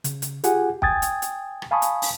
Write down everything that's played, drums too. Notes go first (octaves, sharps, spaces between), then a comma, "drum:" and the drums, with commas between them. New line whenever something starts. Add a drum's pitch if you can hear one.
C#3, drum: hi-hat
drum: hi-hat
F4 G4 G#4 F#5 G#5, drum: hi-hat
G5 G#5 D#6 G#6 A6, drum: kick
drum: hi-hat
drum: hi-hat
drum: rim click
F5 G#5 A5 B5 C#6 D#6
drum: hi-hat
drum: open hi-hat